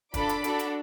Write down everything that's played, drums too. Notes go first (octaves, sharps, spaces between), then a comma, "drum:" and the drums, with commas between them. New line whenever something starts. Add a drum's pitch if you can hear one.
D4 F4 A4 B5 D6, drum: kick, hi-hat
drum: hi-hat
D4 F#4 A4, drum: hi-hat
drum: hi-hat